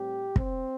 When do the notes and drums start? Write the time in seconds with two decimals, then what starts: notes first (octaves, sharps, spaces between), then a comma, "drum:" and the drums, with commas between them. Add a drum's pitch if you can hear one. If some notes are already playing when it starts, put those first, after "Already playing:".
Already playing: A2 G3 C4 G4
0.36 C4, drum: kick